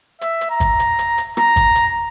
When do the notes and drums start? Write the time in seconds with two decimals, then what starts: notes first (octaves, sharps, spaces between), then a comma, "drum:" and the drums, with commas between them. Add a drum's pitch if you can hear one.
0.21 E5, drum: hi-hat
0.41 drum: hi-hat
0.51 A#5
0.60 drum: kick, hi-hat
0.79 drum: hi-hat
0.99 drum: hi-hat
1.18 drum: hi-hat
1.37 A#5, drum: rim click
1.56 drum: kick, hi-hat
1.75 drum: hi-hat